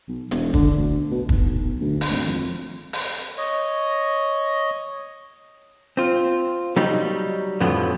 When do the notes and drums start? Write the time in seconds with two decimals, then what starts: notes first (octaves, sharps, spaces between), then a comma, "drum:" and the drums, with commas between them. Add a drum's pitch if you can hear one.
0.08 B1
0.31 E1, drum: hi-hat
0.54 D3, drum: kick
0.77 D2
1.11 B2
1.29 B1, drum: kick
1.81 D2
2.01 drum: open hi-hat
2.11 G#1
2.25 F2
2.93 drum: open hi-hat
3.37 C#5 D#5
5.97 C4 F4
6.76 F#3 G3 D#4, drum: rim click
7.60 F2 A2 D3 F3 F#3 B3